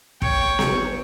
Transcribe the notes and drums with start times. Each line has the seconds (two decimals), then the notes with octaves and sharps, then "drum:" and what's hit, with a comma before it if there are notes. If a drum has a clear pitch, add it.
0.22 C#5 G5, drum: kick
0.59 drum: snare B3